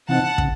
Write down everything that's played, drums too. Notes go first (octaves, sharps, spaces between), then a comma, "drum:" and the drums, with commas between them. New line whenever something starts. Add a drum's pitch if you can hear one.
C3 E3 C4 D#4 F#5 A5
C#3, drum: kick